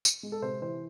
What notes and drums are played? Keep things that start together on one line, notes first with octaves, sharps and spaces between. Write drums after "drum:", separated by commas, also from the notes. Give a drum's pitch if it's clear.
drum: tambourine
G#3
A4
C3 C5
E3 C5